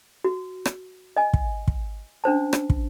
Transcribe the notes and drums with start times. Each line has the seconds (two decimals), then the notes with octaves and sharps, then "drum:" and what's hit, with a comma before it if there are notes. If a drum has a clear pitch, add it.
0.24 F#4
0.65 drum: rim click
1.17 D#5 G#5
1.34 drum: kick
1.68 drum: kick
2.24 C#4 D4 C5 A5
2.53 drum: rim click
2.70 drum: kick